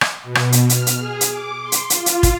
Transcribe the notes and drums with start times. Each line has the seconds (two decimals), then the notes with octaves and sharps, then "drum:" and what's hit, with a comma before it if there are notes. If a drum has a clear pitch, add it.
0.01 drum: rim click
0.23 B2
0.35 drum: rim click
0.52 drum: hi-hat
0.69 F6, drum: hi-hat
0.87 drum: hi-hat
0.99 G#4
1.21 drum: hi-hat
1.30 D6
1.61 C6
1.72 drum: hi-hat
1.90 F4, drum: hi-hat
2.06 drum: hi-hat
2.23 drum: kick, hi-hat